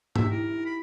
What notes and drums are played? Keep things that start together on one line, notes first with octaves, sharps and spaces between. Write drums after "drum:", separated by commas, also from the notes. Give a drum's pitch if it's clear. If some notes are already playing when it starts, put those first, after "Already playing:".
D#4 G4 E5, drum: tom G#2
E4 A#4
E4
B5